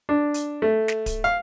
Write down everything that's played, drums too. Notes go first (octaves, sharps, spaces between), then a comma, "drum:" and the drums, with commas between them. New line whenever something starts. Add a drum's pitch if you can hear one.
D4
drum: hi-hat
A3
drum: snare
drum: kick D1, hi-hat
F5